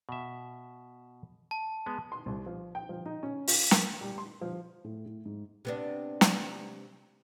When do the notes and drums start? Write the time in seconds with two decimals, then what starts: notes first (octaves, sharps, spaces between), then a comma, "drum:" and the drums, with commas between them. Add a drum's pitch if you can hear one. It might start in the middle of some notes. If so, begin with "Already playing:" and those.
0.09 B2 E5
1.51 A5
1.86 G#3 B3
2.12 C6
2.26 C2
2.46 F3
2.75 G5
2.89 F3
3.06 D#4
3.23 C#4
3.48 F4, drum: open hi-hat
3.71 A#4, drum: snare
4.01 G3
4.18 C6
4.41 F3
4.84 A2
5.06 A2
5.25 G#2
5.65 C3 B3 D4
6.21 drum: snare